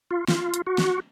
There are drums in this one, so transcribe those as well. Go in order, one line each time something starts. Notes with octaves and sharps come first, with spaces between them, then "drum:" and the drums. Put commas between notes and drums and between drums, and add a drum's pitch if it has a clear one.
F4
F4, drum: snare
drum: hi-hat
F#4
drum: snare